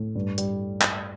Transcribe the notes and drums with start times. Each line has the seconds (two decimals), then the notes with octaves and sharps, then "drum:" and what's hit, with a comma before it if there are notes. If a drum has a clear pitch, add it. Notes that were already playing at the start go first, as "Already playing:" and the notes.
Already playing: A2
0.15 G2
0.38 G3, drum: hi-hat
0.81 drum: clap